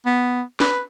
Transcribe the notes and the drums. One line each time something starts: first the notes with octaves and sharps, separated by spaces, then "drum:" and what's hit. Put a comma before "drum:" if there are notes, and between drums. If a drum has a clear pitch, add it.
B3
B4, drum: snare